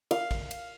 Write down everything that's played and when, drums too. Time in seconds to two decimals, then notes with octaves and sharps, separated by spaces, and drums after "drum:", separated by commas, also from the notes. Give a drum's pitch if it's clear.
0.11 F5, drum: cymbal
0.31 drum: kick
0.51 drum: cymbal